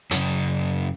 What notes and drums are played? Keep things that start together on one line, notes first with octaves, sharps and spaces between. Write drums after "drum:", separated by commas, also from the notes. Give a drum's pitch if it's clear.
F#2 C#3, drum: hi-hat